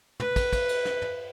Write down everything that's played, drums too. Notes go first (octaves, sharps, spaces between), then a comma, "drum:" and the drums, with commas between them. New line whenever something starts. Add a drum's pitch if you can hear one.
B4, drum: tom
drum: kick, cymbal
drum: kick, cymbal
drum: cymbal
drum: snare
drum: tom